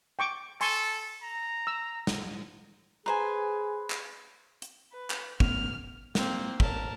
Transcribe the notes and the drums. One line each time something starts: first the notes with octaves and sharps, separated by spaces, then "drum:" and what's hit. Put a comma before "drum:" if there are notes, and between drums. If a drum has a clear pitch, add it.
G5 C#6 D6
A4 G#5 C6 C#6, drum: open hi-hat
A#5
E6
drum: snare
G#4 B4 C5 G#5 A#5
drum: clap
drum: hi-hat
B4
drum: clap
A3 B3 C#4 F6, drum: kick
A#3 C4, drum: snare
A#4 A5, drum: kick